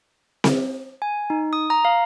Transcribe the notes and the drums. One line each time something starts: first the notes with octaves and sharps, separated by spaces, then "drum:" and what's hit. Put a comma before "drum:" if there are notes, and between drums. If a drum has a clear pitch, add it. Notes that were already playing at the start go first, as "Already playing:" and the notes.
drum: snare C4
G#5
D#4
D#6
A#5
F5